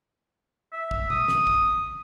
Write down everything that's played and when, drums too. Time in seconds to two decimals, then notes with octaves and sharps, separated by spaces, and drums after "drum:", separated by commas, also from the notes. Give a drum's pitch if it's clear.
0.73 E5
0.91 drum: kick
1.10 D#6, drum: tom
1.28 drum: snare
1.47 drum: kick